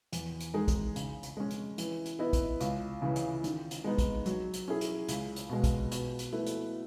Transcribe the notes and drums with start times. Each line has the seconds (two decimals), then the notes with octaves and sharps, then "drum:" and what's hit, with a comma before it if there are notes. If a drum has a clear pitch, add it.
0.12 E2, drum: hi-hat
0.40 drum: hi-hat
0.54 D#3 G#3 D#4 G#4
0.68 drum: kick, hi-hat
0.96 C#3, drum: hi-hat
1.23 drum: hi-hat
1.37 G#3 C#4
1.50 drum: hi-hat
1.78 E3, drum: hi-hat
2.06 drum: hi-hat
2.19 B3 E4 B4 D#5
2.33 drum: kick, hi-hat
2.60 C#2, drum: hi-hat
3.02 C#3 E3
3.16 drum: hi-hat
3.44 D#3, drum: hi-hat
3.71 drum: hi-hat
3.84 G#3 B3 D#4
3.98 drum: kick, hi-hat
4.26 F#3, drum: hi-hat
4.53 drum: hi-hat
4.68 C#4 E4 G#4
4.81 drum: hi-hat
5.08 C#2, drum: hi-hat
5.36 drum: hi-hat
5.49 B2 G#3
5.64 drum: kick, hi-hat
5.91 B2, drum: hi-hat
6.19 drum: hi-hat
6.33 A3 E4 B4
6.46 drum: hi-hat